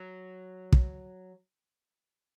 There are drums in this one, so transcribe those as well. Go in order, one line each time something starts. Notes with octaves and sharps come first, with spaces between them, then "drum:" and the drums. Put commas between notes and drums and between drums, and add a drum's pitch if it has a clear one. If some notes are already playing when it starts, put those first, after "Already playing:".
Already playing: F#3
drum: kick